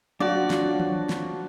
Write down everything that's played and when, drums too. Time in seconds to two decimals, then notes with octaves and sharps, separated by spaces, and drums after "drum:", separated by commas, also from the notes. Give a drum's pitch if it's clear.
0.20 F3 F#3 D4 F#4 D5 D6
0.50 drum: snare
0.80 drum: tom D#3
1.09 drum: snare